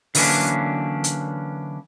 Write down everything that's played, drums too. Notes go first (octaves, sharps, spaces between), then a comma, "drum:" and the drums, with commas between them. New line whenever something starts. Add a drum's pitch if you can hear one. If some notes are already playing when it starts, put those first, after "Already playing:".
D3 E3 F#3 A#3 C#4 D4, drum: open hi-hat
drum: hi-hat